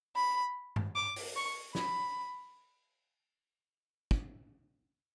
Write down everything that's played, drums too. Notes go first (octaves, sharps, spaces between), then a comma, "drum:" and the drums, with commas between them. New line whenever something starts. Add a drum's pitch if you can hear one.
B5
drum: tom G2
D6
drum: open hi-hat
C#6
B5, drum: snare
drum: kick